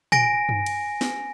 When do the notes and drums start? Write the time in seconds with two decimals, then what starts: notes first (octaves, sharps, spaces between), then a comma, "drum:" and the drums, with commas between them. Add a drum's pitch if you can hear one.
0.12 G#5 A#6 D7, drum: tom A#2
0.49 drum: tom G2
0.66 drum: cymbal
1.01 drum: snare